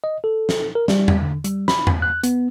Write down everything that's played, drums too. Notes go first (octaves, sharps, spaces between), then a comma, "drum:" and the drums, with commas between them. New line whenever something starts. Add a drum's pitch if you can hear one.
D#5
A4
drum: snare
A#4
G3, drum: snare
drum: tom E2
D3
G3, drum: hi-hat
B5, drum: snare
drum: tom E2
F#6
B3, drum: hi-hat